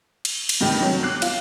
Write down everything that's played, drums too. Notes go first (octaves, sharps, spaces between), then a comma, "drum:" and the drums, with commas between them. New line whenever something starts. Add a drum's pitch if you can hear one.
drum: cymbal
drum: cymbal
G2 C3 D#3 A3
F#3
D6 F#6 C7
F4, drum: cymbal